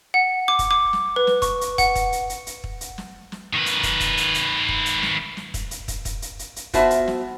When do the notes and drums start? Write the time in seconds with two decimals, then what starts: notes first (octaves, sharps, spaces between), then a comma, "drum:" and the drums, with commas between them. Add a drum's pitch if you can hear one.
0.14 F#5
0.48 D6
0.59 drum: kick, hi-hat
0.71 D6
0.93 drum: snare
1.16 B4
1.27 drum: snare
1.42 C#6, drum: kick, hi-hat
1.61 drum: hi-hat
1.78 F#5, drum: kick, hi-hat
1.95 drum: kick, hi-hat
2.12 drum: hi-hat
2.30 drum: hi-hat
2.47 drum: hi-hat
2.64 drum: kick
2.81 drum: hi-hat
2.98 drum: snare
3.32 drum: snare
3.53 D#3 B4
3.66 drum: hi-hat
3.83 drum: kick, hi-hat
4.00 drum: kick, hi-hat
4.17 drum: hi-hat
4.34 drum: hi-hat
4.69 drum: kick
4.86 drum: hi-hat
5.03 drum: snare
5.37 drum: snare
5.54 drum: kick, hi-hat
5.71 drum: hi-hat
5.88 drum: kick, hi-hat
6.05 drum: kick, hi-hat
6.22 drum: hi-hat
6.39 drum: hi-hat
6.56 drum: hi-hat
6.74 B3 F4 F#4 C5 E5 A5, drum: kick, hi-hat
6.90 drum: hi-hat
7.08 drum: snare